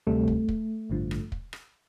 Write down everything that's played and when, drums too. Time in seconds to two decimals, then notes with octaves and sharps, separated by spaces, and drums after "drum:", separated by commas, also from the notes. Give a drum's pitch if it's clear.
0.07 D2 C3 G3 A3
0.28 drum: kick
0.49 drum: kick
0.90 A1 G2 D3 F3
1.11 drum: rim click
1.32 drum: kick
1.53 drum: rim click